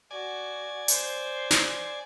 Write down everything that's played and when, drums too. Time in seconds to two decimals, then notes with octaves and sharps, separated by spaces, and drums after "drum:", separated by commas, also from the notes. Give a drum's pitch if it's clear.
0.11 F#4 D5 G#5
0.88 C5, drum: hi-hat
1.51 drum: snare